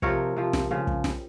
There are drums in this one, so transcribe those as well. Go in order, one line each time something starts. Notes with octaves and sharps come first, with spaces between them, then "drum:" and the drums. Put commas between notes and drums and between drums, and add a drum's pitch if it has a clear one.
C3 F3 A#4 C#5, drum: kick
C3 F3
drum: snare
C#3 F3
drum: kick
drum: snare